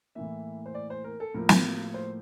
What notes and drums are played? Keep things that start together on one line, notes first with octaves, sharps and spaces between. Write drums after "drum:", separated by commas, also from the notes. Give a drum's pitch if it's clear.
A2 E3 A#3 E5
C5
D5
C5
A#4
A4
A2 F3 A#3 A#4
drum: snare
C5